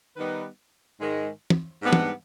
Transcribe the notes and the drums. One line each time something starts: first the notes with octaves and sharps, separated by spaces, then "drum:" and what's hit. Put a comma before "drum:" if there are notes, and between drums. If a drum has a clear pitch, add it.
D#3 G3 B3 D#4 B4
G#2 D#3 G#3
drum: tom
G#2 G3 B3 D4
drum: tom